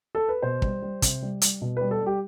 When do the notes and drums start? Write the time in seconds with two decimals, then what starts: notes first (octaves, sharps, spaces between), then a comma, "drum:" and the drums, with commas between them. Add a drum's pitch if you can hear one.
0.15 A4
0.29 B4
0.42 B2 C5
0.62 G3, drum: kick
0.82 G3
1.02 C3, drum: kick, hi-hat
1.22 G3
1.42 G3, drum: hi-hat
1.62 B2
1.77 G3 B4
1.91 A4
2.01 G3
2.06 G4